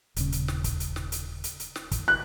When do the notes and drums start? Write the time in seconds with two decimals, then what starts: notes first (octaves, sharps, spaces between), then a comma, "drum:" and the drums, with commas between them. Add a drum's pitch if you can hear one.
0.16 D#1 C#3, drum: hi-hat
0.32 drum: hi-hat
0.48 drum: snare
0.64 drum: kick, hi-hat
0.80 drum: hi-hat
0.96 drum: snare
1.12 drum: hi-hat
1.44 drum: hi-hat
1.60 drum: hi-hat
1.76 drum: snare
1.91 drum: kick, hi-hat
2.08 F#6